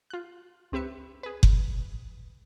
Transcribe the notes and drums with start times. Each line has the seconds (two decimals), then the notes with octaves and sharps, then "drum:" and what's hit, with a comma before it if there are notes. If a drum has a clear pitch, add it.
0.10 F4 F#6
0.72 C#2 C4 G4 B4 E5 C#7
1.23 G#4 B4
1.43 drum: kick F#1